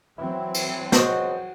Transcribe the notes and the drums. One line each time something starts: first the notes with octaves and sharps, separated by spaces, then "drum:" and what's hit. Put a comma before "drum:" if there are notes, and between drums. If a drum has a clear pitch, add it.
E3 F#3 C4 E4
drum: cymbal
C#2 F#4 C5 D#5 G6, drum: snare